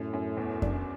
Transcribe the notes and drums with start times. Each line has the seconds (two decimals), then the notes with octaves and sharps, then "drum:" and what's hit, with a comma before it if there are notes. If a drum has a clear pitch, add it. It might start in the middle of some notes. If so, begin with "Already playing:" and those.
Already playing: F#2 A2
0.13 F#2
0.37 E2
0.62 D4, drum: kick F2